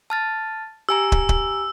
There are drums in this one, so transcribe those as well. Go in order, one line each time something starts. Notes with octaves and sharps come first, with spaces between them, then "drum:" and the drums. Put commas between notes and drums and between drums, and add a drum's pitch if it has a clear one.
A5 F6 A6
G4 G#5 A#5 E6
drum: kick
drum: kick